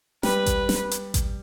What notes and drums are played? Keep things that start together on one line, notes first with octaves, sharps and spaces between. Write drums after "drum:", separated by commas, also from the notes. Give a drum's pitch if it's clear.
G3 B4, drum: snare
drum: kick A1, hi-hat
drum: snare
drum: hi-hat
drum: kick A1, hi-hat